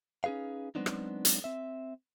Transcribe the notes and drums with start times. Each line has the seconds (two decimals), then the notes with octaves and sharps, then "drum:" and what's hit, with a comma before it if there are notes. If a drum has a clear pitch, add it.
0.24 C#4 D#4 G#4 B4 F5
0.75 F#3 G#3 B3 C4 D4 D#4
0.86 drum: rim click
1.25 drum: hi-hat
1.44 C4 E5